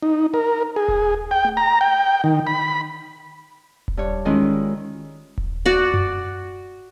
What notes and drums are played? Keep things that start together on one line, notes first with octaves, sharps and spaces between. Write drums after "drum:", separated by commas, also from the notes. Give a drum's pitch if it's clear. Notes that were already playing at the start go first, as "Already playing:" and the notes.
D#4
A#4
G#4
drum: kick D#1
G5
drum: tom A3
A#5
G5
D#3
B5
drum: kick D#1
G2 C#5
D#3 G#3 C#4 E4 F4
drum: kick D#1
F#4 D5
drum: tom F#2